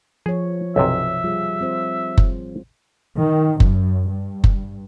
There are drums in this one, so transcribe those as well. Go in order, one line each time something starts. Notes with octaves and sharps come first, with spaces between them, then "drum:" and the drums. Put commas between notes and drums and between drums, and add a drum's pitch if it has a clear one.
F3 G#4 C#5
B1 F#2 C3 E5
G3 F4 G#4
C4 F4 C5
drum: kick F#1
D#3
F#2, drum: kick F#1
G2
drum: kick F#1